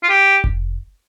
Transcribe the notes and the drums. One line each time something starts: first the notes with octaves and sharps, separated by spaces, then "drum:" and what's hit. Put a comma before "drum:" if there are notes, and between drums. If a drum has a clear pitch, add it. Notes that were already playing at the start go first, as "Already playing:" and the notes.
F4
G4
drum: kick F1